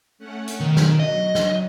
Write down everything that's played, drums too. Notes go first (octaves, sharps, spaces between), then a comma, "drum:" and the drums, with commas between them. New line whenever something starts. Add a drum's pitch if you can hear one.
A3 C#4 F#5
drum: hi-hat
B2 D#3
drum: snare
F#3 D#5
drum: snare